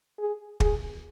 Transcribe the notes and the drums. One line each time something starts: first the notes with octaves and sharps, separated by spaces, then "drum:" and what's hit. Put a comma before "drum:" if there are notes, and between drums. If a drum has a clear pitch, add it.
G#4
G#4, drum: kick